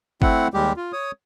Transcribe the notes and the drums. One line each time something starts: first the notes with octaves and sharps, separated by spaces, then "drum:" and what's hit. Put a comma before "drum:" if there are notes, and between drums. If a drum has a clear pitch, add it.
A3 C4 E4 F#5, drum: kick G1
D#2 G3 G#3 G4
F4
C#5 D#6